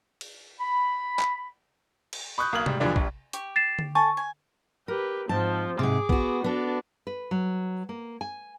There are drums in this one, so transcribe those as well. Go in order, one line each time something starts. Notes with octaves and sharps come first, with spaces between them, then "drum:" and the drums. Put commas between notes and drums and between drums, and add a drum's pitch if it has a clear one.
drum: cymbal
B5
drum: clap
drum: cymbal
B5 C#6 D#6 F#6 G6
B1 A#3 D#6 F6 G#6 F#7
G#2 G3, drum: tom C3
E2 D3 F3 G3 G#3 D4
A#1 G3, drum: kick
G4 C#6, drum: hi-hat
A6 C7 E7
drum: tom D3
A4 G#5 A5 C#6
G#5
G4 A#4 B4
G#2 F3 C4 A5
G#2 C3 G#4 D6
B3 F#4, drum: kick
B3 D4 F#4 A4
B4
F#3
A#3
G#5